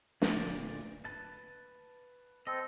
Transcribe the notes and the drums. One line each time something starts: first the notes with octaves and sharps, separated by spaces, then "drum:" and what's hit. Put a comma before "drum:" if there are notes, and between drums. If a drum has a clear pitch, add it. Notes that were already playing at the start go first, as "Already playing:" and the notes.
D2 A#2 D5, drum: snare
B4 A5
C4 A4 D#5